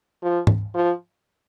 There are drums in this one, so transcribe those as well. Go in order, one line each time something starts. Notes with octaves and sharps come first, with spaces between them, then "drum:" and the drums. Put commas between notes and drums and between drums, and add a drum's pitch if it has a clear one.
F3
drum: tom G#2
F3